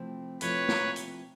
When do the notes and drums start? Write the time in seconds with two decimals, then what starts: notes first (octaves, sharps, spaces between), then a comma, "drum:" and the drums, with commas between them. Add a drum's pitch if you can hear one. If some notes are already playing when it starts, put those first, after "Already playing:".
Already playing: C3 F3 A3 C4 E4
0.41 C3 F3 A3 C4 E4 B4 C#5, drum: hi-hat
0.69 drum: snare
0.96 drum: hi-hat